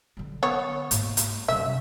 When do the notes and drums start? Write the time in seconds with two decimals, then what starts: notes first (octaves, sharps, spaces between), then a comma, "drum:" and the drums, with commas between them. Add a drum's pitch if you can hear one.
0.17 D3 F#3
0.43 B3 C#5
0.91 G#2 A#3, drum: hi-hat
1.17 drum: hi-hat
1.48 F#2 C3 E5